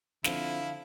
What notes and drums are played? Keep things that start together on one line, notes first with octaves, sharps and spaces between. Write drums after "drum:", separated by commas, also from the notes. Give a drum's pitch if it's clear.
D3 F3 C4 E4 F5, drum: snare